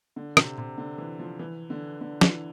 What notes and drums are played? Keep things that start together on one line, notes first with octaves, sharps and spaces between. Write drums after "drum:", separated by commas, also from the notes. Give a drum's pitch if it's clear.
D3
C3, drum: rim click
C3
D3
E3
F3
E3
D3
D3
E3, drum: snare